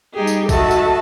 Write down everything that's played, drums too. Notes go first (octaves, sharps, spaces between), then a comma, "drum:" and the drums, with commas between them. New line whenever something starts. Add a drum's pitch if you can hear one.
G3 D#4 G4 G#4
drum: tambourine
F#4 A4 D#5 E5 A5, drum: kick A1, tambourine
drum: tambourine